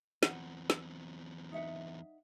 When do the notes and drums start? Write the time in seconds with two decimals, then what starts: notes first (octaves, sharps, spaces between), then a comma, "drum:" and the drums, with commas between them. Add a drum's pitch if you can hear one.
0.23 E2 C4 F#5, drum: snare
0.70 drum: snare
1.52 D#4 E5 F#5